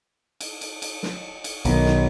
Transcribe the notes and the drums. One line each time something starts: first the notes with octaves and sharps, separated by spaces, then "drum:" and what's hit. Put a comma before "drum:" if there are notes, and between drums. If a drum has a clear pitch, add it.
drum: cymbal
drum: cymbal
drum: cymbal
drum: snare
drum: cymbal
B1 D#3, drum: cymbal
drum: snare